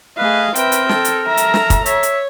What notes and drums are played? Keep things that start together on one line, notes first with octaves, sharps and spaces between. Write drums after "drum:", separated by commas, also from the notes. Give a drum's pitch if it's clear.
A3 G#4 B4 D#5 F5
C4 A#4 B4 E5 G5, drum: hi-hat
drum: hi-hat
A4, drum: snare
drum: hi-hat
A4 E5 A#5
drum: hi-hat
drum: snare
drum: kick, hi-hat
C#5 E5, drum: hi-hat
drum: hi-hat